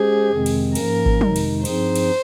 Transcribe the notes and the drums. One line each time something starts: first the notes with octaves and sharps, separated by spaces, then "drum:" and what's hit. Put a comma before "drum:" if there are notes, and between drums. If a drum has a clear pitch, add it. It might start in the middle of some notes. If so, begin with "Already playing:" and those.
Already playing: G#3 C#4 G4 G#4 C5
F2 C3 D#3 G#3 C4
drum: cymbal
G#2 F3 A#3 C#4 A#4, drum: cymbal
drum: kick G#1
F2 C3 D#3 G#3 D#4, drum: tom
drum: cymbal
G2 F3 C4 D#4 G#4 C5, drum: cymbal
drum: cymbal